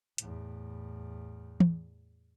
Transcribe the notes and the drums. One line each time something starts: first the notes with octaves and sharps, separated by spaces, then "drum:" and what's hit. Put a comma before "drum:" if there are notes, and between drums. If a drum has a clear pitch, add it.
E2 A2, drum: hi-hat
drum: tom